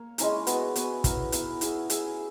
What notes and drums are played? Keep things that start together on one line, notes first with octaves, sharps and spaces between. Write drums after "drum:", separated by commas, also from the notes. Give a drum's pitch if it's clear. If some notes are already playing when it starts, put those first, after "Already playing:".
Already playing: A#3 C#5
G#3 C#4 E4 A#4, drum: hi-hat
B3 F#4 B4, drum: hi-hat
B3 F#4 B4, drum: hi-hat
B3 E4 A#4, drum: kick, hi-hat
B3 E4 A#4, drum: hi-hat
E4 G#4 C#5 E5, drum: hi-hat
E4 G#4 C#5 E5, drum: hi-hat